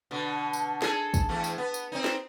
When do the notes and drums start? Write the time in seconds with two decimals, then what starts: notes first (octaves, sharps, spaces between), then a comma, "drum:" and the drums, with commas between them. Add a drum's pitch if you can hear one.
0.11 B2 D3
0.53 drum: tambourine
0.82 G#4 A4, drum: snare
1.14 drum: kick, tambourine
1.29 E2 A3
1.44 drum: tambourine
1.58 B3
1.74 drum: tambourine
1.92 C4 D#4
2.04 drum: snare